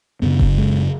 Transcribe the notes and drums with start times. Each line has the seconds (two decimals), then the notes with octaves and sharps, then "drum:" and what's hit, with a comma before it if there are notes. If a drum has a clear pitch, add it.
0.22 F#2 C#3 B3
0.39 drum: kick F1
0.57 G#3